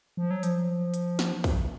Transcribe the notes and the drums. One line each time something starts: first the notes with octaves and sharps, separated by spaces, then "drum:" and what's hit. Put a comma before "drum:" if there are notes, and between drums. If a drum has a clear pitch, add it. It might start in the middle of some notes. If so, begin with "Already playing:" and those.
F3
F#3
F3, drum: hi-hat
drum: hi-hat
drum: snare
drum: kick, open hi-hat